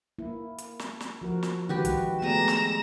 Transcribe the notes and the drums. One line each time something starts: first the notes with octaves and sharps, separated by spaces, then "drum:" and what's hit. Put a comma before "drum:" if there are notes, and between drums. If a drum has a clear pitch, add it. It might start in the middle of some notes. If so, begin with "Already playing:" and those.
A#3 E4
drum: hi-hat
drum: snare
drum: snare
F3 F#4 A#4
drum: snare
D#3 G#3 F#4 G4 B4 G5
drum: kick, hi-hat
G#3 A3 B3 G4 D5 A#5 E7
drum: snare